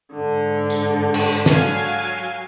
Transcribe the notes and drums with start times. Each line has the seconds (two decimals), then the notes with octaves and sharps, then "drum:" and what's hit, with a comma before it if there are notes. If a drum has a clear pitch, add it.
0.13 G#2 D3
0.70 drum: tambourine
1.14 drum: cymbal
1.46 F#3 F5 G#5, drum: snare